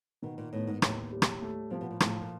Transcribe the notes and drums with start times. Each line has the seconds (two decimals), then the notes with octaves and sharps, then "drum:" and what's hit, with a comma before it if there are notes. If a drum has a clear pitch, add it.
0.22 B2 D#3
0.38 A#2
0.52 A2 B3
0.68 G#2
0.82 D#2 A2, drum: rim click
1.12 G3
1.22 drum: rim click
1.42 A3
1.70 C3 F3
1.81 B2
1.91 A#2
2.00 A2 F3, drum: rim click
2.21 A#2